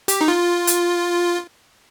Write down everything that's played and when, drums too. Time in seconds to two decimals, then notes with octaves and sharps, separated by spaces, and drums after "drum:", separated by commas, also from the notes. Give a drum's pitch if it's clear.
0.08 G4, drum: hi-hat
0.21 D#4
0.28 F4
0.67 drum: hi-hat